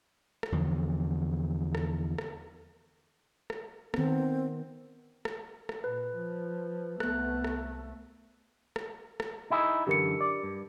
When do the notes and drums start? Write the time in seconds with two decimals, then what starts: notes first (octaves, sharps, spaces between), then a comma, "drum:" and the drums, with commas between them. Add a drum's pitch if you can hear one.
0.43 drum: rim click
0.52 E2 D3 F3
1.75 drum: rim click
2.18 drum: rim click
3.50 drum: rim click
3.94 D#3 B3 C4, drum: rim click
5.25 drum: rim click
5.69 drum: rim click
5.84 A#2 B4
6.16 F3
7.00 C2 A3 B3 F#6, drum: rim click
7.44 drum: rim click
8.76 drum: rim click
9.20 drum: rim click
9.50 D#4 E4 G#4
9.87 F#2 D3 E3 G4 A#4 C#7
10.21 D5
10.43 G2